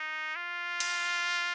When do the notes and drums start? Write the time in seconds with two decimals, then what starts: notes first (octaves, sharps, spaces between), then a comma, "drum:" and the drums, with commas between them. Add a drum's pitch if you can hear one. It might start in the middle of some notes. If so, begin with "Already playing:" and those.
Already playing: D#4
0.36 F4
0.80 drum: cymbal